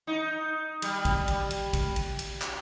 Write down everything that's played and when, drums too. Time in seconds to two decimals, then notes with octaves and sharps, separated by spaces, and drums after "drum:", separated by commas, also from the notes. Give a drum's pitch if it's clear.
0.07 D#4
0.82 G3, drum: cymbal
1.05 drum: kick, cymbal
1.28 drum: cymbal
1.51 drum: cymbal
1.73 drum: kick, cymbal
1.96 drum: cymbal
2.19 drum: cymbal
2.42 drum: clap